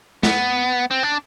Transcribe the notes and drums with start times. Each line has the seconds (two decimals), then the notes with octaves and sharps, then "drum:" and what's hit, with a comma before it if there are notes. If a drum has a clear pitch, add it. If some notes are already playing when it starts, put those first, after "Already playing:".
0.23 B3, drum: snare
0.91 C4
1.03 D4